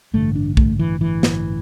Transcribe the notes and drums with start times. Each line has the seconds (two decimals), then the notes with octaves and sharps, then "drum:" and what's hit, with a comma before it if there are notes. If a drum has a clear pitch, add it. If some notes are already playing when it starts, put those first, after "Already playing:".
0.14 A1 G2 D3 A3
0.36 D4
0.57 A3, drum: kick B1
0.79 E3
1.01 E3
1.23 drum: snare